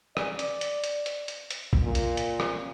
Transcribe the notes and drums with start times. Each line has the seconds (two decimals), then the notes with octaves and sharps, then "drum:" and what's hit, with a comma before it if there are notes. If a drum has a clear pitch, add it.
0.17 D5, drum: rim click
0.39 drum: hi-hat
0.61 drum: hi-hat
0.84 drum: hi-hat
1.06 drum: hi-hat
1.28 drum: hi-hat
1.50 drum: hi-hat
1.73 drum: kick
1.84 A#2
1.95 drum: hi-hat
2.17 drum: hi-hat
2.40 drum: rim click